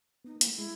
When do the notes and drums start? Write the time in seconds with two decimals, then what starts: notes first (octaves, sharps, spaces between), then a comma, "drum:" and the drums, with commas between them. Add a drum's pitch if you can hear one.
0.25 B3 D#4
0.36 A#3
0.41 E4, drum: hi-hat
0.47 A3
0.56 G#3 E4